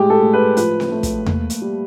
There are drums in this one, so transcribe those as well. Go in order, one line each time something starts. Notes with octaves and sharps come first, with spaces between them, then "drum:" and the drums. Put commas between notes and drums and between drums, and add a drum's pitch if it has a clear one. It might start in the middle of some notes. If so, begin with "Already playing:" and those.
Already playing: A2 G#3 G4
A4
A2
B4
F3 B4, drum: hi-hat
drum: snare C4
A3
drum: kick, hi-hat
A#3, drum: tom E2
drum: hi-hat
G3